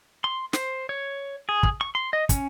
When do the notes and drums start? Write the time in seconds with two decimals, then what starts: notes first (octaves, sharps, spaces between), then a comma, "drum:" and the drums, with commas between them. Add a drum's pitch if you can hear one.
0.24 C6
0.53 C5, drum: snare
0.89 C#5
1.49 G#4
1.63 drum: kick
1.81 C#6
1.95 C6
2.13 D#5
2.29 C#4, drum: kick, hi-hat